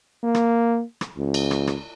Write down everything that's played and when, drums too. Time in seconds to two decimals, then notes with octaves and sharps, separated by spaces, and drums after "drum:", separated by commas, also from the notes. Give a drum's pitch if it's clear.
0.24 A#3
0.35 drum: rim click
1.01 drum: rim click
1.18 C#2
1.34 drum: cymbal
1.51 drum: rim click
1.67 drum: rim click